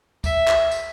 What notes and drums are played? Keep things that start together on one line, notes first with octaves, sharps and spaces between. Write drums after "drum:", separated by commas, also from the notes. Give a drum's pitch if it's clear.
E5, drum: kick, tambourine
drum: clap
drum: tambourine